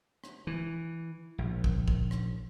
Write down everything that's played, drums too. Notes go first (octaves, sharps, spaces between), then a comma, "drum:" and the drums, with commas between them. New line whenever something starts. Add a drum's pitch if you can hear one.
drum: rim click
E3
A#1
drum: kick
drum: kick
drum: rim click